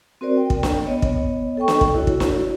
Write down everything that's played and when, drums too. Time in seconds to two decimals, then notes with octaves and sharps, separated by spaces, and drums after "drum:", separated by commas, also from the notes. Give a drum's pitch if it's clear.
0.21 C4 F#4 A#4 C5 D5
0.37 G5
0.50 drum: kick
0.63 drum: snare
0.85 B3 C#5 D#5
1.02 drum: kick
1.57 A4 D#5 G5 C#6
1.68 drum: snare
1.81 drum: kick
1.94 E4 F#4 C#5
2.07 drum: kick
2.20 drum: snare